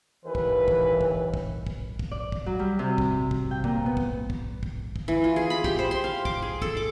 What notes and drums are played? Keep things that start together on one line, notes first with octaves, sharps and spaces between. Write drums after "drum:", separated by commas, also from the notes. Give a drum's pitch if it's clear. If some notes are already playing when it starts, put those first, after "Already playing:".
D#2 E3 B4
drum: kick
drum: kick
drum: kick
drum: kick
drum: kick
drum: kick
D5
drum: kick
F#3
G3
C3
drum: kick
drum: kick
G5
A#2, drum: kick
B3
drum: kick
drum: kick
drum: kick
drum: kick
E3
F4
G#4
B5
G4, drum: kick
C5
C6
F5
D6, drum: kick
G#4
A4, drum: kick
D6